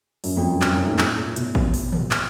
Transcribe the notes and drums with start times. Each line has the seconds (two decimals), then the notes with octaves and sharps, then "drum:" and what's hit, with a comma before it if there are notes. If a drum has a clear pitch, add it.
0.24 F#2, drum: open hi-hat
0.37 F2
0.49 F#2
0.62 F#2, drum: clap
0.74 F#2
0.86 G#2
0.93 A#2
0.99 A2, drum: clap
1.18 A#2
1.36 B2, drum: hi-hat
1.55 drum: kick
1.74 drum: open hi-hat
1.92 drum: tom
2.11 drum: clap